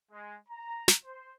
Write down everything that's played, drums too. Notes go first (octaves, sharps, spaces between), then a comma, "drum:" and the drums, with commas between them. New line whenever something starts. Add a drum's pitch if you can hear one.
G#3
A#5
drum: snare
C5